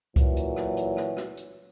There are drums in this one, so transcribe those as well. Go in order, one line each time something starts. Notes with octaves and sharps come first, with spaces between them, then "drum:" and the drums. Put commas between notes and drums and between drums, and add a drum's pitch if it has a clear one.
A#2 E3 F#3, drum: kick C2, hi-hat
drum: hi-hat
drum: rim click
drum: hi-hat
drum: rim click
drum: rim click
drum: hi-hat